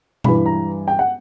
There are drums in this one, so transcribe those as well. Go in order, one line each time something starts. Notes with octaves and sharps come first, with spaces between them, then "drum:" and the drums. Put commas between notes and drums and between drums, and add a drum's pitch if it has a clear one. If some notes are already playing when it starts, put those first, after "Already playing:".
G2 E3 B5, drum: tom B2
A#5
G5
F#5